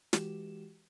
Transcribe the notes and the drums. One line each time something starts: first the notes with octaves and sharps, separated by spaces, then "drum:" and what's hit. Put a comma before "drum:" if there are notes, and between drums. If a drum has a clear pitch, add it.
E3 G#3 F#4 G4 E7, drum: snare